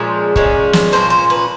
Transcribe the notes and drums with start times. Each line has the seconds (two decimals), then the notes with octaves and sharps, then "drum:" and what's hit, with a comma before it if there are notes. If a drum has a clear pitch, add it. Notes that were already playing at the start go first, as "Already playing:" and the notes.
Already playing: A#2 F3 G#3 C#4
0.36 A#2 F3 G#3 C#4, drum: kick
0.73 drum: snare
0.92 A#2 F3 A#3 C#4 C5
1.10 C5
1.30 B4